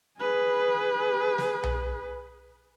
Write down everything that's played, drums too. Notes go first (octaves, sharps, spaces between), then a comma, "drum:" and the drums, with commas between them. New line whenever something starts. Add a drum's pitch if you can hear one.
G#4 B4
drum: snare
drum: tom B1